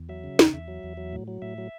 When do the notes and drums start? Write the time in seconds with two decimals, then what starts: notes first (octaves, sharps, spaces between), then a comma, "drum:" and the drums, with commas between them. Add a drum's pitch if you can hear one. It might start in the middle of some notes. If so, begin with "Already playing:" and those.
Already playing: E2
0.09 F#3 E5
0.24 C#3
0.39 E2, drum: snare
0.53 E2 E5
0.68 F#3
0.83 E2
0.97 F#3
1.13 A2
1.28 F#3
1.42 A2 E5
1.58 F#3